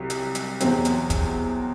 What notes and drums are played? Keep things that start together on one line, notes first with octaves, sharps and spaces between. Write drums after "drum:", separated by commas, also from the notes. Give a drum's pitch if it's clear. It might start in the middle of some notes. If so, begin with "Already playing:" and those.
Already playing: C2 C3 F#3
drum: hi-hat
drum: hi-hat
E2 B2 F#3 C4, drum: hi-hat
drum: hi-hat
drum: kick, hi-hat